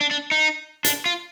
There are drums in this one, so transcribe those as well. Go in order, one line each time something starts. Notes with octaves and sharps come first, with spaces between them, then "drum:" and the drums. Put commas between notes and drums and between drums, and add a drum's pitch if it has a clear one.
D4
D4
D#4
D4, drum: hi-hat
F4